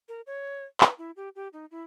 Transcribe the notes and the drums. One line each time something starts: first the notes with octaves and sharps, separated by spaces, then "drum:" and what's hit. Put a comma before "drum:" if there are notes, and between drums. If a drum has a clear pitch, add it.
A#4
C#5
B4, drum: clap
E4
G4
G4
D#4
E4